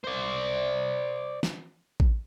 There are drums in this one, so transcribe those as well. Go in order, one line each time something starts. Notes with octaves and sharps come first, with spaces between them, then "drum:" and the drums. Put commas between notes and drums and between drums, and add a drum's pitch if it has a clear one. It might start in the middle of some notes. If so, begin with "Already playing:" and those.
C5 D5
drum: snare
drum: kick A1